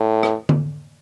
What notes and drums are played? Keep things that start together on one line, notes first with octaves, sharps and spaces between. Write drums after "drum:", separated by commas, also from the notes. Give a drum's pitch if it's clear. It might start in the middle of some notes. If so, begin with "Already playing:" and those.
Already playing: A2
drum: rim click
drum: tom D3